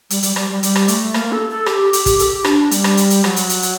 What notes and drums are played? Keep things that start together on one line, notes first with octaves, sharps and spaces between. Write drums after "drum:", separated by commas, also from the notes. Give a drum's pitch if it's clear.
G3, drum: hi-hat
G3, drum: hi-hat
G3, drum: rim click
G3
G3, drum: hi-hat
drum: rim click
A3, drum: hi-hat
A#3, drum: rim click
A4
A4
G4, drum: rim click
G4, drum: hi-hat
drum: kick, hi-hat
A4, drum: hi-hat
G4
D4, drum: rim click
G3, drum: hi-hat
drum: rim click
drum: hi-hat
drum: hi-hat
F#3, drum: rim click
drum: hi-hat
drum: hi-hat
drum: hi-hat